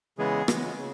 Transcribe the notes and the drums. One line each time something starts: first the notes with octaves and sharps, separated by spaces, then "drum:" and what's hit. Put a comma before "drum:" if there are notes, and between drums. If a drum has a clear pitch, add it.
C#3 E3 G#3 B3 G#4
C#3 E3 G#3 B3, drum: rim click
C#3